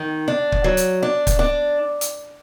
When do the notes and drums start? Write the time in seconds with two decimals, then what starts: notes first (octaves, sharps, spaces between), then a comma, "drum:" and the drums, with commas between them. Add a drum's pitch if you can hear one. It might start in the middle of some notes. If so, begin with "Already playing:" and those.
Already playing: D#3
0.28 D4
0.52 drum: kick
0.64 F#3
0.77 drum: hi-hat
1.03 D4
1.27 drum: kick, hi-hat
1.39 D4
2.01 drum: hi-hat